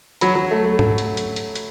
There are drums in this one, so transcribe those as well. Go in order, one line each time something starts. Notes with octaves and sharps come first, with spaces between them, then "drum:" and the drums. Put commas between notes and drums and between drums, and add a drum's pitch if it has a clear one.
F#3 B5, drum: hi-hat
F#3
A3
A3
drum: tom G#2
drum: hi-hat
drum: hi-hat
drum: hi-hat
drum: hi-hat